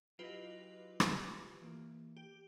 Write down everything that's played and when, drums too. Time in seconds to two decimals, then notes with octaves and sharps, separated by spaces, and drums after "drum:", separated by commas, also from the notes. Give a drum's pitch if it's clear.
0.19 F#3 E4 F4 G4 B4 D#5
1.00 drum: rim click
1.62 E3 A#3
2.17 G4